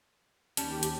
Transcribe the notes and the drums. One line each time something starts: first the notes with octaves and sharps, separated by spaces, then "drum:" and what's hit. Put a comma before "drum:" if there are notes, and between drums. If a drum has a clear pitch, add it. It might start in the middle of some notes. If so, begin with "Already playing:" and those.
D#2 G3 C#4 G4 A5, drum: hi-hat
drum: hi-hat